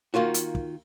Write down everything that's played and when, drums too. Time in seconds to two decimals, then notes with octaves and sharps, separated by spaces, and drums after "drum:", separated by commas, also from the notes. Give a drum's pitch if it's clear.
0.14 D#3 A#3 F4 F#4
0.34 drum: hi-hat
0.55 drum: kick